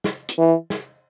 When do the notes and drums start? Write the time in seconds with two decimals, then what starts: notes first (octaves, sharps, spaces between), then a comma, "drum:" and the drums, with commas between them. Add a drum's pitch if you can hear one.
0.04 drum: snare
0.29 drum: hi-hat
0.38 E3
0.70 drum: snare